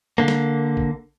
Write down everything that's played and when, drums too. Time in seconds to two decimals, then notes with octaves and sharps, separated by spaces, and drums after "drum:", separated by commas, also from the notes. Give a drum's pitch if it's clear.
0.18 D3 A#3
0.28 drum: snare
0.77 drum: kick A1